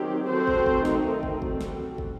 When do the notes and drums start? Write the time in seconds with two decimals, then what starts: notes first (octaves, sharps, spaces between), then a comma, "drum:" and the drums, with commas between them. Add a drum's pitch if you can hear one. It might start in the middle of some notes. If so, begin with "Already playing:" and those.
Already playing: D#3 F#3 C4 G4
0.28 C4 F#4 A4 C5
0.47 drum: kick
0.66 drum: kick
0.85 D#3 A3 C4 D#4, drum: snare
1.23 drum: kick
1.42 G3 C4 F#4 A4, drum: kick
1.61 drum: snare
1.98 drum: kick